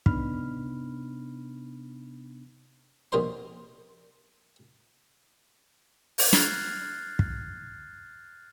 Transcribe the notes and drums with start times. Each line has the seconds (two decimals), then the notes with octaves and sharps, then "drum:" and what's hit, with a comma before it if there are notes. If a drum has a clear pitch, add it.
0.06 C3 B3 D4 D#4 B5 F6, drum: kick
3.12 A#1 B2 D#4 A#4 C5 C6
6.18 drum: open hi-hat
6.33 F6 F#6 G#6 A6 C7, drum: snare
7.19 drum: kick